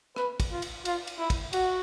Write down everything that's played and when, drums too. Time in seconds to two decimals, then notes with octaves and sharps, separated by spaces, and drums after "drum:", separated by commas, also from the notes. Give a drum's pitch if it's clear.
0.16 B4, drum: rim click
0.40 drum: kick, cymbal
0.51 F4
0.62 drum: cymbal
0.85 F4, drum: cymbal
1.07 drum: cymbal
1.19 E4
1.30 drum: kick, cymbal
1.53 F#4, drum: cymbal